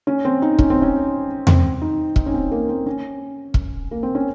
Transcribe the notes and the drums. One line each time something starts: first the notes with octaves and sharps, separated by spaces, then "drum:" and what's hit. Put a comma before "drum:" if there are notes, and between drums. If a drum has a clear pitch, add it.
C#4
C4
D#4
C#4, drum: kick
C4
C#4
C4, drum: tom E2
D#4
D#4, drum: kick
C#4
C4
A#3
C4
C#4
drum: kick
A#3
C4
C#4